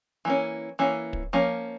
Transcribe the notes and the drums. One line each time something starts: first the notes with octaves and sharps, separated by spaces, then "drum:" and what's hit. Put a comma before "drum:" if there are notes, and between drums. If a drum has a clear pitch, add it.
E3 A#3 C#4
E3 A#3 C#4
drum: kick
F3 A#3 C#4